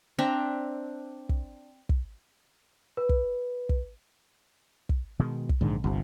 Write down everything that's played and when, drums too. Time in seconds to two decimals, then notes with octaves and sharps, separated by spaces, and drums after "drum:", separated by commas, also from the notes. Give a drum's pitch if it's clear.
0.18 C4 D4 E5 A#5
1.29 drum: kick
1.89 drum: kick
2.97 B4
3.09 drum: kick
3.69 drum: kick
4.89 drum: kick
5.19 B2 D#3 G#3
5.49 drum: kick
5.61 A#1 G#2 D3 D#3
5.84 G1 C2 C3